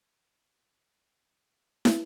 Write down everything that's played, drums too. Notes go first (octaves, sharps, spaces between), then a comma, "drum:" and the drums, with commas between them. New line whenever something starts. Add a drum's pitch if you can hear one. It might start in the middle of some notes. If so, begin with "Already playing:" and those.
D4 D#4 F#4 C5 E5
B1 D4 D#4
C#3 F#3 G3 C#4
drum: snare